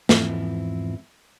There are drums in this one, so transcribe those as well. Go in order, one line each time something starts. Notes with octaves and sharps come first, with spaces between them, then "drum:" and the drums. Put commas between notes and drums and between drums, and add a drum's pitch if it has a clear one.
E2 G#2 E3 F3 C4 E4, drum: snare